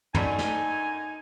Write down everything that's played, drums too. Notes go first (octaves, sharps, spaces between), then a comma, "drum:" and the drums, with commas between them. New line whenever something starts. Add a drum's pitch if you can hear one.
F#2 A3 D4 D#4 G#5, drum: tom
drum: snare